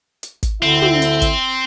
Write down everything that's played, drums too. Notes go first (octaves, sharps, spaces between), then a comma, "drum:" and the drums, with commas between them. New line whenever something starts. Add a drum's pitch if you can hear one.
drum: hi-hat
drum: kick, hi-hat
D2 D3 C4 E4 E5
drum: tom
drum: hi-hat
drum: kick, hi-hat